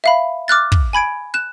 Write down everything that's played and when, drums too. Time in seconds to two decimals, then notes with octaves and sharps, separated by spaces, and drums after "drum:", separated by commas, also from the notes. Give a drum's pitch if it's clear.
0.04 E5 F5 B5
0.48 D6 F6 F#6 A6
0.72 drum: kick
0.93 G#5 B5 G#6 D7
1.34 F#6 E7